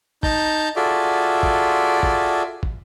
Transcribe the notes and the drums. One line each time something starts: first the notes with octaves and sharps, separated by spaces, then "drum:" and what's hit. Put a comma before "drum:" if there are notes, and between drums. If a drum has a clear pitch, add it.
D#4 A5 A#5 G6, drum: kick
F4 F#4 G#4 A4 D5 E5
drum: kick
drum: kick
drum: kick